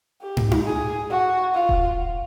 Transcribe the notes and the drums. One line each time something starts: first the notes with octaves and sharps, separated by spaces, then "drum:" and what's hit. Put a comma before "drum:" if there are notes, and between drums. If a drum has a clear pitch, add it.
G4
drum: tom
drum: tom
G#4
F#4
F4
drum: kick D#1